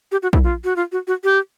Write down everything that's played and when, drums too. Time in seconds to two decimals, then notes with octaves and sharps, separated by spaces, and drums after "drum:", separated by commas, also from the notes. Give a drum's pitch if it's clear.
0.12 G4
0.23 F#4
0.33 E4, drum: kick
0.44 F4
0.64 F#4
0.76 F4
0.92 F#4
1.07 F#4
1.24 G4